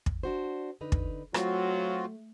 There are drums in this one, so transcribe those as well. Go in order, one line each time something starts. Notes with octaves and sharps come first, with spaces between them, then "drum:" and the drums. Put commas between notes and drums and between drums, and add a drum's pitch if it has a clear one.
drum: kick
D4 F#4 C5
D3 D#4 B4
drum: kick
F#3 A3 C4 F4 F#4, drum: rim click